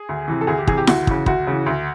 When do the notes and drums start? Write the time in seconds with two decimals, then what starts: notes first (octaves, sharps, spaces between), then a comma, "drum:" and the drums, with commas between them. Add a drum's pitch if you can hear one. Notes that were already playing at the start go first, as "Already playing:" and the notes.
Already playing: G#4
0.09 D2
0.28 C3 E3
0.41 A4
0.47 D2 G#4
0.58 G4
0.67 C3 E3 G#4, drum: kick
0.77 G4
0.87 D2 F#4, drum: snare E4
1.07 C#3 E3, drum: kick
1.26 D2 F#4, drum: kick
1.47 C#3 E3
1.66 D2